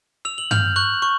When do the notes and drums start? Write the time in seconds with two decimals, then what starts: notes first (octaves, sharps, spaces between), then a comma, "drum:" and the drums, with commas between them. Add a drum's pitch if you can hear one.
0.25 E6 F7
0.38 F#7
0.51 F6 G6 F7, drum: tom G2
0.76 C#6 F#6 F#7
1.02 C#6